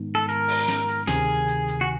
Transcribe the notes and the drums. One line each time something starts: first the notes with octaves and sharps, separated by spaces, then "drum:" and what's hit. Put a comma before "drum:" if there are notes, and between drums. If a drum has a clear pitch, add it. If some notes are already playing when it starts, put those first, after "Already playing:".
Already playing: G#2 D#3 G#3 B3 D#4
A4
A#4, drum: hi-hat
drum: open hi-hat
drum: snare
drum: hi-hat
D2 C3 D#3 G#4, drum: snare
drum: hi-hat
drum: hi-hat
F#4